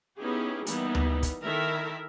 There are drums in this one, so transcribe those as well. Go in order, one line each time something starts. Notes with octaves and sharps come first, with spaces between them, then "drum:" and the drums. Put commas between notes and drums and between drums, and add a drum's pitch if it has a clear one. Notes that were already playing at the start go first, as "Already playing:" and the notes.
B3 C#4 D#4 E4 G4 G#4
E3 G3 A#3 B3 D#4 E4, drum: hi-hat
drum: tom D2
drum: kick, hi-hat
D#3 E4 A4 A#4 E5